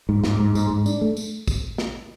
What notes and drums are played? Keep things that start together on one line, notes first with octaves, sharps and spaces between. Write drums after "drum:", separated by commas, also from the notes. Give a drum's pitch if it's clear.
G#2
G#2, drum: snare
G#2
G#2, drum: tambourine
G#2
D4, drum: tambourine
A3
drum: tambourine
drum: kick A1, tambourine
drum: snare